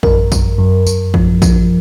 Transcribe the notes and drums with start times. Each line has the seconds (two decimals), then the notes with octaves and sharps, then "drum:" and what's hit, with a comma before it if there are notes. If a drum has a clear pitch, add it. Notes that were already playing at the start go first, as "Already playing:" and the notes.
0.03 F#2 A#4, drum: kick A1
0.32 F#2, drum: kick A1, tambourine
0.58 F#2
0.87 F#2, drum: tambourine
1.14 F3, drum: kick A1
1.42 F3, drum: kick A1, tambourine